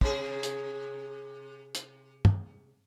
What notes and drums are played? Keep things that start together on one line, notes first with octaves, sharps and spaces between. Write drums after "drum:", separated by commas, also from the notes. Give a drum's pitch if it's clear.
C3 G#4, drum: kick
drum: hi-hat
drum: hi-hat
drum: tom